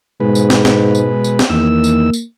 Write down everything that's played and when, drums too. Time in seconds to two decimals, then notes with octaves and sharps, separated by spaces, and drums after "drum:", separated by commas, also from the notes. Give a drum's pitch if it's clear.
0.20 G#2 B2 G#3 B4
0.35 drum: tambourine
0.50 drum: snare
0.65 drum: snare
0.95 drum: tambourine
1.24 drum: tambourine
1.39 drum: snare
1.50 E2 D#3 A#3 E6
1.84 drum: tambourine
2.13 drum: tambourine